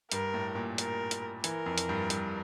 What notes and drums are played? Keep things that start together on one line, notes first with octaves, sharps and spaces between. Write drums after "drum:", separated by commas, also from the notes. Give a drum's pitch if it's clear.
G2 A#4, drum: hi-hat
A2
A#2
A#4, drum: hi-hat
drum: hi-hat
E3 A#4, drum: hi-hat
F2
drum: hi-hat
G2
G2, drum: hi-hat